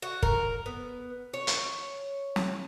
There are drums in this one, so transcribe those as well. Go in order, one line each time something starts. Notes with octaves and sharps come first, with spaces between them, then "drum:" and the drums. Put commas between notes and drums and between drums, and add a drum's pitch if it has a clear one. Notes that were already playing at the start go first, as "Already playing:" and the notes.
F#4
A#4, drum: kick
B3
C#5
drum: hi-hat
drum: snare